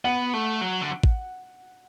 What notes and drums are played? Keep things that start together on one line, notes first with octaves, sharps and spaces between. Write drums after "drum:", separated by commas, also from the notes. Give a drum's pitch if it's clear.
B3 F#5
A3
F#3
D3
drum: kick